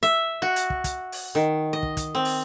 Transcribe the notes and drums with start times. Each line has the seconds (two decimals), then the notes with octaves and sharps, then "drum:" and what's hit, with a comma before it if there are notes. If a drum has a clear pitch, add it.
0.03 E5
0.42 F#4
0.56 drum: hi-hat
0.70 drum: kick
0.84 drum: kick, hi-hat
1.12 drum: open hi-hat
1.35 D#3
1.73 D#5
1.83 drum: kick
1.97 drum: kick, hi-hat
2.15 C4
2.25 drum: open hi-hat